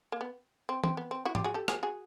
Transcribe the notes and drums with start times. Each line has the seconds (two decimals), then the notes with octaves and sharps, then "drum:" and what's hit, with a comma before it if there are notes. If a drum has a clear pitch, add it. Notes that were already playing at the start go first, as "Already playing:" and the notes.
0.12 A#3
0.21 B3
0.69 C4
0.84 C4, drum: tom E3
0.97 B3
1.11 C4
1.25 E4 F#4
1.35 F4 G4, drum: tom G#2
1.44 F#4 G#4
1.54 G4 A4
1.68 F#4 G#4, drum: rim click
1.83 F#4 G#4